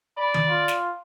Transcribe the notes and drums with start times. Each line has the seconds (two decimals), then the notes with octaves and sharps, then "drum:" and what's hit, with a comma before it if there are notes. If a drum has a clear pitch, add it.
0.17 D5 B5
0.34 drum: tom D#3
0.49 F4
0.68 drum: snare